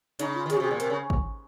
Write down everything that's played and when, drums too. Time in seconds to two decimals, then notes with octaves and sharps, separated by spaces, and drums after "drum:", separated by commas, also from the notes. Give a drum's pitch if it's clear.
0.19 C#3 D#4, drum: hi-hat
0.35 F4
0.46 D#3
0.50 C#3 G#4, drum: hi-hat
0.57 F#4
0.60 C3 G#4
0.71 A#2
0.80 C3 A#4, drum: hi-hat
0.90 C#3
1.10 drum: kick G#1